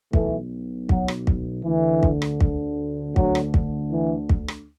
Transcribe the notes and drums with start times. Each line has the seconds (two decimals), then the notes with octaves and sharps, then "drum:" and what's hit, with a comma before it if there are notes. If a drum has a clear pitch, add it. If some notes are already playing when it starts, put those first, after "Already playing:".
0.13 B1 B2 E3 A3, drum: kick
0.89 F#3, drum: kick
1.08 drum: rim click
1.27 drum: kick
1.65 D2 D3 E3
2.03 drum: kick
2.22 drum: rim click
2.41 drum: kick
3.16 D2 D3 F#3, drum: kick
3.35 drum: rim click
3.54 drum: kick
3.92 E3
4.29 drum: kick
4.48 drum: rim click